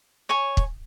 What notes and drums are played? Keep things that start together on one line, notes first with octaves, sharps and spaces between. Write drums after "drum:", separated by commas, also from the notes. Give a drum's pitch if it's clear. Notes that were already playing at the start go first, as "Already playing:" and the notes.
C#5 G#5 C#6
drum: kick